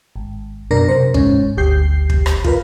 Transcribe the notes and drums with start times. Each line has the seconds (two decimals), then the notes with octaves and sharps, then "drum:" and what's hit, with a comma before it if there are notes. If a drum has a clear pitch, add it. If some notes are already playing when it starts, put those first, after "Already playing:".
0.16 G#1
0.71 F#2 B2 D4 A#4 A#6
0.88 C3 C5
1.14 G#2 C#4, drum: kick
1.57 G1 D2 G4 G6 C7
2.10 drum: kick
2.26 drum: rim click
2.44 F4 A#4 B4, drum: kick